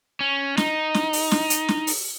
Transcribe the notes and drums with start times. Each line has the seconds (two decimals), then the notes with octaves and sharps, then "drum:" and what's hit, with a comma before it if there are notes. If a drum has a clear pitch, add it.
0.20 C#4
0.57 D#4, drum: snare
0.94 drum: snare
1.13 drum: open hi-hat
1.32 drum: snare
1.50 drum: hi-hat
1.69 drum: snare
1.87 drum: open hi-hat